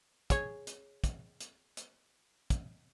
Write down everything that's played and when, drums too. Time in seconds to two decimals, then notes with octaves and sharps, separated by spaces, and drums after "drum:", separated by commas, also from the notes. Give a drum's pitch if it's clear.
0.30 G#4 C#5, drum: kick, hi-hat
0.67 drum: hi-hat
1.04 drum: kick, hi-hat
1.40 drum: hi-hat
1.77 drum: hi-hat
2.50 drum: kick, hi-hat